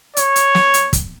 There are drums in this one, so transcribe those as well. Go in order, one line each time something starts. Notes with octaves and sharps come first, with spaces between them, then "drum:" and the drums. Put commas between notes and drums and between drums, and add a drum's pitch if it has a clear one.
C#5, drum: hi-hat
drum: hi-hat
drum: snare
drum: hi-hat
drum: kick, hi-hat